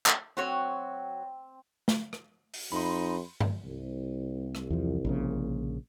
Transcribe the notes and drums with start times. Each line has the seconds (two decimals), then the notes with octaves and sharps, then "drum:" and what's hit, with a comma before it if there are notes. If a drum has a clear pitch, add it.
0.06 drum: clap
0.37 F#3 C4 F#4 C#5
1.88 drum: snare
2.13 drum: rim click
2.54 drum: open hi-hat
2.72 F2 D#4 B5 C6
3.40 drum: tom G2
3.64 C2
4.55 drum: rim click
4.70 E2 F3
5.05 A#1 A#2 C#3